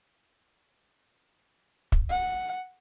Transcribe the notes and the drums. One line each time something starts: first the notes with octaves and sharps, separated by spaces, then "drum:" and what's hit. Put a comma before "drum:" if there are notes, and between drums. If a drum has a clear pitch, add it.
drum: kick
F#5